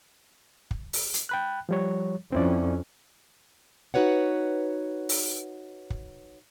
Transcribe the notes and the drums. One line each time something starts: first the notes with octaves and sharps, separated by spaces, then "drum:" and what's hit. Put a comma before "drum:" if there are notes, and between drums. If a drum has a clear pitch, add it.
drum: kick
drum: open hi-hat
drum: hi-hat
G5 B5 F#6
F3 G3 C#5
F2 C4 C#4 E4 D5
D#4 F#4 B4 C#5 F#5
drum: open hi-hat
drum: kick